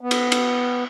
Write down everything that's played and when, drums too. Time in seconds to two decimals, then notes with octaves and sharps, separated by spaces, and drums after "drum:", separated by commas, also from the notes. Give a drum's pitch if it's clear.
0.01 B3
0.11 drum: cymbal
0.32 drum: cymbal